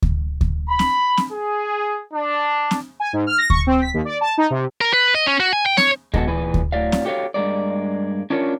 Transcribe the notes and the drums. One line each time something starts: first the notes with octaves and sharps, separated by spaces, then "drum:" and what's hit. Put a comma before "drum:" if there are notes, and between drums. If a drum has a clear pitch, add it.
drum: kick D2
drum: kick D2
B5
drum: snare C4
drum: snare C4
G#4
D4
drum: snare C4
G#5
G#2
F6
A#6
C#6, drum: kick D2
C4
B6
D#2
D5
A5
D#4
C3
A#4
B4
D#5
C#4
F#4
G#5
G5
C#5, drum: snare C4
G#3 A#3 B3 D4 F#4 A4, drum: kick D2
A#2 E3 G#4 B4
drum: kick D2
A2 F#3 D5 F5
drum: snare C4
F#4 G4 A4 C#5 F5
G2 E3 G#3 A#3 D5
C#4 D4 F4 A#4 C#5